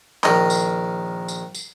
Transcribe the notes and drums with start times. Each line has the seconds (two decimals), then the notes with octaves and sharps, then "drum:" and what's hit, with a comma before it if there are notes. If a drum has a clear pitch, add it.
0.24 A#1 D#3 D#5 A#5, drum: clap
0.50 drum: tambourine
1.28 drum: tambourine
1.55 drum: tambourine